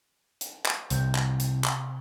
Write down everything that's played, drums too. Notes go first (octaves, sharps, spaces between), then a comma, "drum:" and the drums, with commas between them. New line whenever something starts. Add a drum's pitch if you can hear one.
drum: hi-hat
drum: clap
C2 C3 G6, drum: hi-hat
drum: clap
drum: hi-hat
drum: clap